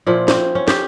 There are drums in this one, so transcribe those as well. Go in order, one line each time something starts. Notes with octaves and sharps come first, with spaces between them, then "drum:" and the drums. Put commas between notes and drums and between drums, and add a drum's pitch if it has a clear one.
A#2 F3 E4
C4, drum: snare
C#4
G4, drum: snare